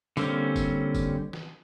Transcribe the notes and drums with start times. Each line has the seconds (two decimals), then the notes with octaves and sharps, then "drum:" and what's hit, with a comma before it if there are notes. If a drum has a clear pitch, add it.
0.17 D3 G3 A#3 C4 C#4, drum: tambourine
0.56 drum: kick, tambourine
0.95 drum: kick, tambourine
1.33 drum: snare